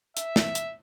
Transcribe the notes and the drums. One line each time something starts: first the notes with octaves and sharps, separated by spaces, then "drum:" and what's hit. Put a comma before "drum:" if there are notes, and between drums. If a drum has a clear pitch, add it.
E5, drum: hi-hat
drum: snare
drum: hi-hat